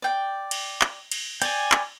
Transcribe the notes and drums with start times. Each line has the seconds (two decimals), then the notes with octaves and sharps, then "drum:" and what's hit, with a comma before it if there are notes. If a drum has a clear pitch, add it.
0.02 D5 G5
0.51 drum: cymbal
0.81 drum: clap
1.11 drum: cymbal
1.42 D5 G5 G#5, drum: cymbal
1.72 drum: clap